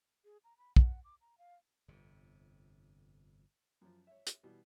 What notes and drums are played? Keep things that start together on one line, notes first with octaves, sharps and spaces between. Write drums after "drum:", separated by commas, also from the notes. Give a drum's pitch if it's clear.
G#4
A#5
B5
F#5, drum: kick
D6
A#5
F5
G1 F2 C3
F#2 F3
C#5 E5
drum: hi-hat
B2 E3 G3